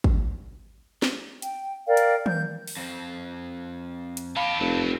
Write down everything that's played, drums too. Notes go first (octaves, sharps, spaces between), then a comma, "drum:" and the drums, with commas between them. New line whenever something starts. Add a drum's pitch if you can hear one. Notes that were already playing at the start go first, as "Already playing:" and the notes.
drum: kick
drum: snare
G5, drum: hi-hat
A#4 D5 F5 G5
drum: hi-hat
G6, drum: tom
drum: open hi-hat
F2 C4
drum: hi-hat
D#3 G4 F5 A5 B5
F1 F#3 C4